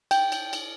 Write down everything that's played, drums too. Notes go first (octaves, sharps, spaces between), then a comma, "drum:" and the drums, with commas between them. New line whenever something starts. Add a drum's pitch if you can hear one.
G5, drum: cymbal
drum: cymbal
drum: cymbal